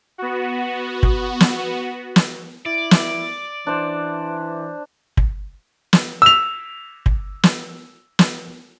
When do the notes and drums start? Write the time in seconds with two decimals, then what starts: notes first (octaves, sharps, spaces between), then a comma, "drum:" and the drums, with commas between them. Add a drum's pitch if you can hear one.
0.18 B3 F#4
1.03 drum: kick
1.40 drum: snare
2.16 drum: snare
2.66 E4 D5
2.91 drum: snare
3.67 E3 D4 C5
5.17 drum: kick
5.93 drum: snare
6.22 E6 F7
7.06 drum: kick
7.43 drum: snare
8.19 drum: snare